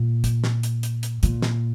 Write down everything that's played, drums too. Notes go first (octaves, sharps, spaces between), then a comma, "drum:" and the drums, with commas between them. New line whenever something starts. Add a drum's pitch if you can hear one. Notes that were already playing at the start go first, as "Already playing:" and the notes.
Already playing: A#2
drum: kick, hi-hat
drum: snare
drum: hi-hat
drum: hi-hat
drum: hi-hat
A#2, drum: hi-hat
drum: snare